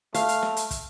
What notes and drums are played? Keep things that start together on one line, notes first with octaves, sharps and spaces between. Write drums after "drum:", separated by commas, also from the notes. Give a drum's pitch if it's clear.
A3 F5, drum: hi-hat
drum: hi-hat
drum: snare
drum: hi-hat
drum: kick, hi-hat